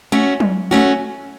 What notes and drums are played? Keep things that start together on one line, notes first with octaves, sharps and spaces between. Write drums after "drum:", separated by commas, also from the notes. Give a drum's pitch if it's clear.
A3 C#4 F#4
drum: tom F#3
A3 C#4 F#4